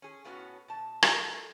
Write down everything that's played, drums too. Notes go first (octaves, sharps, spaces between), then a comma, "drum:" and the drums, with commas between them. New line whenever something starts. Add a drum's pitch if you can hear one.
C#4 G#4
A2 A3 B3 C#4 F#4
B2 A5
G4 A4 A#4 E5, drum: rim click